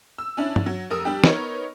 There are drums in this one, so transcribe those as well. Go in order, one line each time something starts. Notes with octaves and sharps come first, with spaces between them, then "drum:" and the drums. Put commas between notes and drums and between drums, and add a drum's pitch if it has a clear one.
E6
C#4 D4 E4
drum: tom
F#3
F1 A#4 D#6 E6
G3 D4 G4
B3 D#4 A#4 C#5, drum: snare